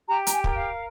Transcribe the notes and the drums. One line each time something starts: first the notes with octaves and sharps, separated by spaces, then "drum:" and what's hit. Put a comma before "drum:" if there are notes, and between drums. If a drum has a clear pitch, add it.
G4 A#5
A#5, drum: hi-hat
G#5
A#4, drum: kick
F5